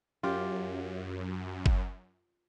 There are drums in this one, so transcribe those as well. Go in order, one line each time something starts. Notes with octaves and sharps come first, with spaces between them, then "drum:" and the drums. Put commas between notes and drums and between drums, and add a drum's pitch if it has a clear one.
F#2 F4 G4
drum: kick G1